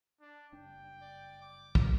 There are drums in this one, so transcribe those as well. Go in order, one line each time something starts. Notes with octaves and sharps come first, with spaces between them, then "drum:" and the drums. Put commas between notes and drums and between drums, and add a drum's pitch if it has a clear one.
D4
F#1 G2 D4 G5
D5
D6
drum: kick